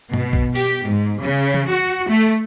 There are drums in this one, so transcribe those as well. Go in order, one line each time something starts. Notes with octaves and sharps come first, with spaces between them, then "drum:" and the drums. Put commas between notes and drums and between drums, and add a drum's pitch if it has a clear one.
B2, drum: tom G2
drum: kick
G4, drum: open hi-hat
G#2
C#3
drum: tom E3
F#4
A3